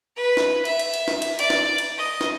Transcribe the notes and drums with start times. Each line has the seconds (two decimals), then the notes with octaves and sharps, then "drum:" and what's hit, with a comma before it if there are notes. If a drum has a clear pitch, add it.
0.16 B4
0.37 drum: snare
0.65 E5, drum: cymbal
0.79 drum: cymbal
0.94 drum: cymbal
1.08 drum: snare
1.22 drum: cymbal
1.39 D5, drum: cymbal
1.50 drum: snare
1.78 drum: cymbal
1.98 D#5
2.21 drum: snare